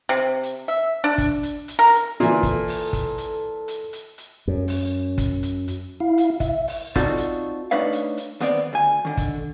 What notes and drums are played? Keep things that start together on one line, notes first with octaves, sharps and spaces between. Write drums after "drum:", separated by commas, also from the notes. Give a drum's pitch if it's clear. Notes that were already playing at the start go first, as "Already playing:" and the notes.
C3
drum: hi-hat
E5
D4
drum: kick, hi-hat
drum: hi-hat
drum: hi-hat
A#4
drum: hi-hat
A#2 E3 A4, drum: hi-hat
drum: kick, hi-hat
drum: open hi-hat
drum: kick, hi-hat
drum: hi-hat
drum: hi-hat
drum: hi-hat
drum: hi-hat
F#2
drum: open hi-hat
drum: kick, hi-hat
drum: hi-hat
drum: hi-hat
E4 F5
drum: hi-hat
E5, drum: kick, hi-hat
drum: open hi-hat
C4 D#4 F4 F#4 A4 D5, drum: kick, hi-hat
drum: hi-hat
A3 D4 D#4 B4 C#5 F5
drum: hi-hat
drum: hi-hat
D#2 B3 C4 D5, drum: hi-hat
D2 G#5
D3 D#3
drum: kick, hi-hat